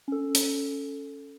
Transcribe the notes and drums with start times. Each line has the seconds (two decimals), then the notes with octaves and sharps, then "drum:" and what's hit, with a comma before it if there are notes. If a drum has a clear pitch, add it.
0.08 C#4 A4
0.35 drum: hi-hat